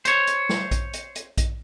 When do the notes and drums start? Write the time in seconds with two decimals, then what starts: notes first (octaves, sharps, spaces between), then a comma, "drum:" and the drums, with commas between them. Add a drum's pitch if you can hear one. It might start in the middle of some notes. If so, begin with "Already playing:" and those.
0.05 C5 C#5, drum: hi-hat
0.27 drum: hi-hat
0.49 drum: snare
0.71 drum: kick A#1, hi-hat
0.93 drum: hi-hat
1.15 drum: hi-hat
1.38 drum: kick A#1, hi-hat